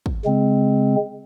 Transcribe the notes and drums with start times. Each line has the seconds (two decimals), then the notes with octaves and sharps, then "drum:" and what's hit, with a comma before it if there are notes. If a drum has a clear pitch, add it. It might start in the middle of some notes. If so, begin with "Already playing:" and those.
0.06 drum: kick
0.25 C#3 G#3 C4